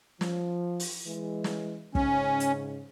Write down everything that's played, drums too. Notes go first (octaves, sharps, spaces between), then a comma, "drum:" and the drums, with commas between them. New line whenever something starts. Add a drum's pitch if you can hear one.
F3, drum: snare
drum: open hi-hat
E3 G#3
drum: snare
G#2 C#3 C#4, drum: kick
drum: hi-hat